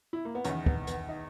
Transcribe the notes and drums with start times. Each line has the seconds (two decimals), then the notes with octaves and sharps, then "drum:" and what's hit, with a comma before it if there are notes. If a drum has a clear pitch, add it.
0.13 E4
0.25 A#3
0.35 B3
0.44 E2 D#3 C#4, drum: hi-hat
0.66 B3, drum: kick
0.87 B3, drum: hi-hat
1.09 D#4